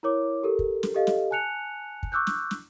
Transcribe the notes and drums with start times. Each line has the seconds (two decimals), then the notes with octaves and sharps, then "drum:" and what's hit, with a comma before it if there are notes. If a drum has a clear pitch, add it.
0.03 E4 A#4 C#5 D6
0.43 G4 A4 A#4
0.59 drum: kick
0.83 drum: snare
0.95 G4 A4 D#5 F5
1.07 drum: snare
1.31 G#5 A5 F#6 C#7 F7
2.03 drum: kick
2.12 C#6 D6 E6 F#6 G6
2.27 drum: snare
2.51 drum: snare